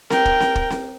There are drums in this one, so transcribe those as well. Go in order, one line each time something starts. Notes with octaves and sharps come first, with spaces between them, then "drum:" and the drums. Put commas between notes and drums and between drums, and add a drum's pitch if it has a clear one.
A#4 G5, drum: snare C4
drum: kick
drum: snare C4
drum: kick
drum: snare C4